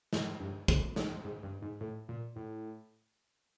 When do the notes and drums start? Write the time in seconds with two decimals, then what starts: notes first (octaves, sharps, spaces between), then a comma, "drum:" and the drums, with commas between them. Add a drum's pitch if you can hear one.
0.13 G#2, drum: snare
0.40 G2
0.68 G#2, drum: kick
0.96 G#2, drum: snare
1.24 G#2
1.43 G2
1.62 G#2
1.81 A2
2.09 A#2
2.36 A2